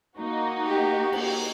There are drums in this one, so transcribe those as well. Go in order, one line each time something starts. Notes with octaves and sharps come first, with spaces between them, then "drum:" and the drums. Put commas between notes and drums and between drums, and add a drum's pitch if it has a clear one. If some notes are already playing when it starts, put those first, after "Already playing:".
A#3 D#4 F#4
G4
drum: cymbal